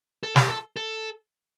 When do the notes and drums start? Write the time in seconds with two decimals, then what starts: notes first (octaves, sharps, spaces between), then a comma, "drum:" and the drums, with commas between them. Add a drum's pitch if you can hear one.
0.23 A4
0.36 G4, drum: snare
0.48 A4
0.76 A4